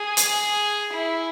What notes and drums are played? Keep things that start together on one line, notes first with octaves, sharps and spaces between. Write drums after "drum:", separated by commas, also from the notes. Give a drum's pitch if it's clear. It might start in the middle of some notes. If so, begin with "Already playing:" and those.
Already playing: G#4
drum: hi-hat
E4